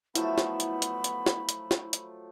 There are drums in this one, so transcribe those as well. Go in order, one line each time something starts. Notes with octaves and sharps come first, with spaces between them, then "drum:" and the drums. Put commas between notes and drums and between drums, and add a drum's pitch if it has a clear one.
F3 F#3 A3 B3 E4 B5, drum: hi-hat
drum: snare
drum: hi-hat
drum: hi-hat
drum: hi-hat
drum: snare
drum: hi-hat
drum: snare
drum: hi-hat